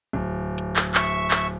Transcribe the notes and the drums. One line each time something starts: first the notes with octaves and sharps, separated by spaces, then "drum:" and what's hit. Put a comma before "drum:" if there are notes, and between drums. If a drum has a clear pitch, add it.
D1
drum: hi-hat
drum: clap
E5 C#6, drum: clap
drum: clap